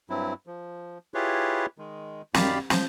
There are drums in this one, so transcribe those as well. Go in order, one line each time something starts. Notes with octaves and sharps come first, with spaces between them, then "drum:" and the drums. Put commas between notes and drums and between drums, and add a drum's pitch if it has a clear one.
G2 F#3 C4 E4
F3
E4 F4 G4 G#4 B4 C#5
D#3 G#3
F#2 D#3 G4 D5 F5 B5, drum: snare
F3 G6, drum: snare